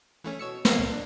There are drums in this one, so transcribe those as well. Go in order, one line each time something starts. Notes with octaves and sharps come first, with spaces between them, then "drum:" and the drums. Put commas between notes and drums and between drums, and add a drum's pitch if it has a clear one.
E3 A3 C#4
B2 C#5 E6 C#7
A#3 A4 C5 F5, drum: snare
C#2 A#2
D4